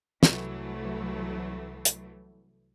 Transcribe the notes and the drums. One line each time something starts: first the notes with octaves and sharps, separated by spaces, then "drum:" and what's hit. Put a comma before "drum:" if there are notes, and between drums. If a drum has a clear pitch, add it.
C2 E3 F#3 A3, drum: snare
drum: hi-hat